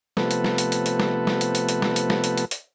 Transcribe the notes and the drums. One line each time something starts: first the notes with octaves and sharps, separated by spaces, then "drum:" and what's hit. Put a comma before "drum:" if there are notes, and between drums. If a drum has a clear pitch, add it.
C3 F3 A3 B3 A4 B4, drum: snare
drum: hi-hat
drum: snare
drum: hi-hat
drum: hi-hat
drum: hi-hat
drum: snare
drum: snare
drum: hi-hat
drum: hi-hat
drum: hi-hat
drum: snare
drum: hi-hat
drum: snare
drum: hi-hat
drum: hi-hat
drum: hi-hat